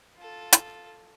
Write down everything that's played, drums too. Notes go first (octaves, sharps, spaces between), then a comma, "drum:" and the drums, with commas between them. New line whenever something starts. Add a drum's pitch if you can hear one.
F4 A4
drum: hi-hat